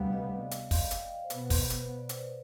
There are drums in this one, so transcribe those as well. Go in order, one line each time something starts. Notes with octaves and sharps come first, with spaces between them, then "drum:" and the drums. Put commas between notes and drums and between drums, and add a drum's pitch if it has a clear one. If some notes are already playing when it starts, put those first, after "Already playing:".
Already playing: D2 C3 G3 B3 F5 G5
D#5
D5
D#5, drum: hi-hat
F5, drum: kick, open hi-hat
G5, drum: hi-hat
F5
C5
B2 B3 B4, drum: hi-hat
drum: kick, open hi-hat
drum: hi-hat
D5
C5, drum: hi-hat